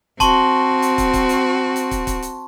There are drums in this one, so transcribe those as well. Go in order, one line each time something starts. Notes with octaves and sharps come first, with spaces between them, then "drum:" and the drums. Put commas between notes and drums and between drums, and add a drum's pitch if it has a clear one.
C4 F#4 A5 C6 C#6, drum: kick, hi-hat
drum: hi-hat
drum: kick, hi-hat
drum: kick, hi-hat
drum: hi-hat
drum: hi-hat
drum: kick, hi-hat
drum: kick, hi-hat
drum: hi-hat